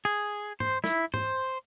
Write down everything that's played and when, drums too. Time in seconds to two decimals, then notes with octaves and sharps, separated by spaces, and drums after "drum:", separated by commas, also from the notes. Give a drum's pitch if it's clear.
0.05 G#4
0.60 C5, drum: tom G#2
0.84 E4, drum: snare
1.14 C5, drum: tom G#2